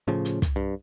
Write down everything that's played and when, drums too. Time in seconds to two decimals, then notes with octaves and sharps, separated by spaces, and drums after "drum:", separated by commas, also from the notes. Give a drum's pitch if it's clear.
0.08 A2 C#3 F3
0.25 drum: hi-hat
0.42 drum: kick, hi-hat
0.56 G2